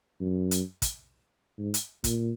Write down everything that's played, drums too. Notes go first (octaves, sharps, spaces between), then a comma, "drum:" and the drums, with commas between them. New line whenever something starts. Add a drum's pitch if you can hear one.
F#2
drum: hi-hat
drum: kick, hi-hat
G#2
drum: hi-hat
A#2, drum: kick, hi-hat